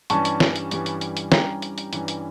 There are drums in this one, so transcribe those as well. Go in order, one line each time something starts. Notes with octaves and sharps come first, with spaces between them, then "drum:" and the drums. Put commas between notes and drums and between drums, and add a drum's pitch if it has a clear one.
G2 E3 G3 C#4 A5 C#6, drum: hi-hat
drum: hi-hat
drum: snare
drum: hi-hat
G2 E3 G3 C#4, drum: hi-hat
drum: hi-hat
drum: hi-hat
drum: hi-hat
G2 E3 G3 C#4 G5 A#5, drum: snare
drum: hi-hat
drum: hi-hat
G2 E3 G3 C#4, drum: hi-hat
drum: hi-hat